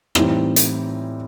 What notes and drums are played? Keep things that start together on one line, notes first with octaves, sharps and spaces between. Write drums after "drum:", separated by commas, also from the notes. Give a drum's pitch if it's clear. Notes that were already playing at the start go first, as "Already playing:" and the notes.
A2 E3 G3 C4 D#4, drum: rim click
drum: hi-hat